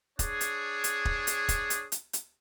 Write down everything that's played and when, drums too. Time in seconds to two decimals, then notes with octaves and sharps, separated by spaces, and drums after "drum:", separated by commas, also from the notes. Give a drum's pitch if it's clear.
0.19 D4 G#4 C#5, drum: kick, hi-hat
0.41 drum: hi-hat
0.84 drum: hi-hat
1.05 drum: kick
1.27 drum: hi-hat
1.49 drum: kick, hi-hat
1.70 drum: hi-hat
1.92 drum: hi-hat
2.13 drum: hi-hat